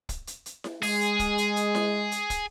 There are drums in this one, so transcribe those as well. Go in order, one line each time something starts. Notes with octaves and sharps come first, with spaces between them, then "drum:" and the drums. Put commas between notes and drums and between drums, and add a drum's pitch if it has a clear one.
drum: kick, hi-hat
drum: hi-hat
drum: hi-hat
drum: snare E4
G#3 G#4, drum: open hi-hat
drum: hi-hat
drum: kick, hi-hat
drum: hi-hat
drum: hi-hat
drum: snare E4
drum: hi-hat
drum: kick, hi-hat